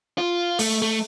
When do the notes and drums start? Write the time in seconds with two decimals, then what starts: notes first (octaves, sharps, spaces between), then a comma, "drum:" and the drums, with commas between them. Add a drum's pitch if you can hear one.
0.18 F4
0.59 A3, drum: open hi-hat
0.82 A3